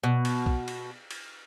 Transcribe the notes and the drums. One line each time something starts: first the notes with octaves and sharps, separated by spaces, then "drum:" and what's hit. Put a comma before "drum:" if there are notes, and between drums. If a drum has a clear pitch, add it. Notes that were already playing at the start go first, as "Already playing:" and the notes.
B2
drum: cymbal
drum: kick B1
drum: cymbal
drum: cymbal